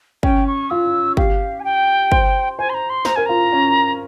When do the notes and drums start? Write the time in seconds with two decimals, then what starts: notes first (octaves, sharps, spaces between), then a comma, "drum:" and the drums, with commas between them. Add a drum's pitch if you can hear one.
0.23 C#4 G5, drum: kick
0.47 C#6
0.70 F4 E6
1.17 G4 F5, drum: kick
1.60 G#5
1.64 G5
2.12 C5, drum: kick
2.58 C5 G#5
2.70 C6
2.74 A#5
2.90 C6
3.05 C5 A#5, drum: snare
3.16 A#4 G#5
3.26 F4 A#5
3.53 C#4